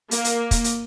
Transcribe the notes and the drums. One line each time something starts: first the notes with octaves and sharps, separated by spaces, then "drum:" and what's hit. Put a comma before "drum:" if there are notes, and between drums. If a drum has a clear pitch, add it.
A#3, drum: hi-hat
drum: hi-hat
drum: kick, hi-hat
drum: hi-hat